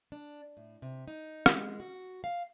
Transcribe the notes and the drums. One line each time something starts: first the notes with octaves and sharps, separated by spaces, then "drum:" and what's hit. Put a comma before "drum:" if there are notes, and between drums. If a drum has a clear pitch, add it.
D4
A2
C3
D#4
G#3, drum: rim click
F#4
F5